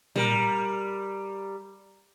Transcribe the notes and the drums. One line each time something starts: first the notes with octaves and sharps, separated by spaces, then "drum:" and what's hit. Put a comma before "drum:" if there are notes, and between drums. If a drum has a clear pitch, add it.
G3 A#4, drum: tom